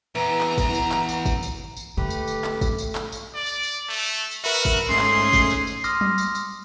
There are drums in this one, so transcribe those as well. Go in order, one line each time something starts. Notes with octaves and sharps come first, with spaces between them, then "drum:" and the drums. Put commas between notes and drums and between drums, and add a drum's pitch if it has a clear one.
E2 E3 A#5
drum: clap
drum: kick G1, tambourine
drum: tambourine
drum: clap
drum: tambourine
drum: kick G1, tambourine
drum: tambourine
drum: tambourine
D3 A3 G4 B4
drum: tambourine
drum: tambourine
drum: clap
drum: kick G1, tambourine
drum: tambourine
drum: clap
drum: tambourine
D5
drum: tambourine
drum: tambourine
A3
drum: tambourine
drum: tambourine
F#4 A#4 B4 E5
drum: kick G1, tambourine
G#2 A3 C#4 G#4 C6
drum: clap
drum: kick G1, tambourine
drum: tambourine
drum: tambourine
C6 D6 D#6 F6 A#6, drum: tambourine
drum: tom F#3
drum: tambourine
drum: tambourine